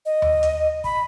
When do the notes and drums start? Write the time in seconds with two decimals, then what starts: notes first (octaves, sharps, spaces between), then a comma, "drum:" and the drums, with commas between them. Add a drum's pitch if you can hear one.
0.05 D#5
0.22 drum: tom D#2
0.43 drum: hi-hat
0.84 B5, drum: kick